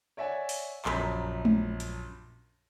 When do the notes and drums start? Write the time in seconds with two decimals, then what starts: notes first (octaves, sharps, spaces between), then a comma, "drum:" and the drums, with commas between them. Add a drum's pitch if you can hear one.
0.17 C#5 D5 E5 F#5 G#5
0.49 drum: open hi-hat
0.85 A#1 F#2 A#5 B5 G6 B6, drum: clap
1.45 drum: tom G#3
1.80 drum: hi-hat